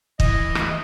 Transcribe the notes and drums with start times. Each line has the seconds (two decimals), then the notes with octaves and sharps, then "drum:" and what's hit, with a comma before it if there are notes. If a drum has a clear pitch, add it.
0.20 E3 D#5, drum: kick
0.55 drum: rim click